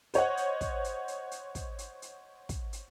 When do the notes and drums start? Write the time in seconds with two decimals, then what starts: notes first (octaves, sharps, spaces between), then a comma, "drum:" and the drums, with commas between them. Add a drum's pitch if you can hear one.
0.14 C5 C#5 D#5 F#5, drum: hi-hat
0.37 drum: hi-hat
0.61 drum: kick, hi-hat
0.84 drum: hi-hat
1.08 drum: hi-hat
1.31 drum: hi-hat
1.55 drum: kick, hi-hat
1.79 drum: hi-hat
2.02 drum: hi-hat
2.49 drum: kick, hi-hat
2.73 drum: hi-hat